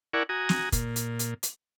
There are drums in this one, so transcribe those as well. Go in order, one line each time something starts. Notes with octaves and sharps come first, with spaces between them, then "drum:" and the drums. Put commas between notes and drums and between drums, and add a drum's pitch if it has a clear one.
E4 A#4 D5 F#5 G#5 C#6
F#4 G#5 A#5 D#6
drum: snare
A#2, drum: kick, hi-hat
drum: hi-hat
drum: hi-hat
drum: hi-hat